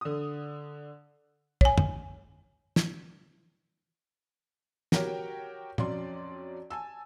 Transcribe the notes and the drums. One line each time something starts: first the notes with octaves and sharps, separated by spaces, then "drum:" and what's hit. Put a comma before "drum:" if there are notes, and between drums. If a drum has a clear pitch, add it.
D3 D#6
C#5 G#5, drum: kick
drum: tom
drum: snare
F#4 G4 A#4 C#5 G5, drum: snare
F2 F#3 C#4 D5 C6, drum: tom
G#5 A5 E6